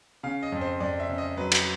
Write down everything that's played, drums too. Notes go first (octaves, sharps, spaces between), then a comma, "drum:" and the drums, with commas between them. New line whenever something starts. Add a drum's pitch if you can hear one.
C#3 F5
D#5
F2
C5
F2 D5
E5
C#3
D#5
F#3 B4
drum: cymbal